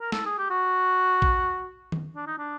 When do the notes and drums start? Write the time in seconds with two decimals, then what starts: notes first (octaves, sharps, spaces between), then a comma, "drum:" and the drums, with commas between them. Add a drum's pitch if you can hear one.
0.00 A#4
0.12 A4, drum: snare
0.25 G#4
0.38 G4
0.50 F#4
1.22 drum: kick
1.92 drum: tom D#3
2.16 D4
2.27 D#4
2.38 D4